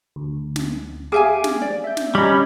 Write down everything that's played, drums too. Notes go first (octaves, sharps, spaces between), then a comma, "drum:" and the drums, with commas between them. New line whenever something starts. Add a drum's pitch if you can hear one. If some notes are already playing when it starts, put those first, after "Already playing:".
D2
drum: snare
G4 G#4 E5 F5 G#5 D6
drum: snare
D5
E5 G6
drum: snare
G3 C#4 C#5 D#5 A#5 B5